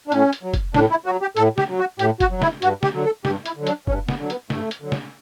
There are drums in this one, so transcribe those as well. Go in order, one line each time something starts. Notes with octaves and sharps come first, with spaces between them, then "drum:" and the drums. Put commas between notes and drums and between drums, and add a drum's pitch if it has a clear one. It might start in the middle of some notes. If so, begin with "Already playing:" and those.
D4
A2 C#4, drum: hi-hat
drum: hi-hat
F#3
drum: kick, hi-hat
A2 D4, drum: snare
E4
F#3 F#4
G4
A2 A4, drum: hi-hat
G4, drum: snare
F#3
F#4
A2 G4, drum: hi-hat
F#4, drum: kick, hi-hat
F#3
E4, drum: snare
G2 F#4, drum: hi-hat
G4, drum: snare
D3 F#3
A4
G2 G4, drum: snare
E4, drum: hi-hat
D3 F#3
D4, drum: hi-hat
G2 C#4, drum: kick
B3, drum: snare
D3 F#3
B3, drum: hi-hat
G2 A3, drum: snare
drum: hi-hat
D3 F#3
drum: snare